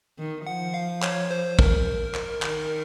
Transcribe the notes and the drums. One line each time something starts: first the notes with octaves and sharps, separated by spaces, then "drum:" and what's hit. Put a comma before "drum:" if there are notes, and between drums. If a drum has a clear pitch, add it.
D#3
F3 F#5
F5
C#5, drum: clap
C5
A#4, drum: kick
drum: clap
D#3, drum: clap